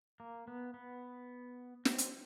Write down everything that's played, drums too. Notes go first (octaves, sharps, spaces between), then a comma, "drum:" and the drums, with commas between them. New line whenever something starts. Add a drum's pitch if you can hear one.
A#3
B3
B3
C4, drum: snare
drum: hi-hat